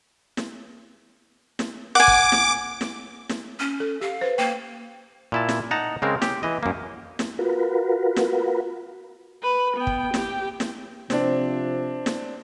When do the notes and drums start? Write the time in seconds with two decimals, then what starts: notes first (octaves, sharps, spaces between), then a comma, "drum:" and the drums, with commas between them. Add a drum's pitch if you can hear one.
0.37 drum: snare
1.59 drum: snare
1.95 F#5 G#5 D6
2.08 drum: kick
2.32 drum: snare
2.81 drum: snare
3.29 drum: snare
3.59 C#4
3.80 A4
4.01 G4 F5
4.21 B4 C5
4.38 A#3 G5
5.32 A#2 E4 A5
5.49 drum: snare
5.71 D#4 F#5 A5 A#5
6.02 C#3 G#3 C4 A#4
6.22 G4, drum: snare
6.43 E3 D#5
6.63 F#2 A#3
7.19 drum: snare
7.39 F4 F#4 A#4 B4
8.16 drum: snare
9.43 B4
9.77 B3 G5
9.87 drum: kick
10.14 G4 G5, drum: snare
10.60 drum: snare
11.10 C3 F3 C4 D4, drum: snare
12.06 drum: snare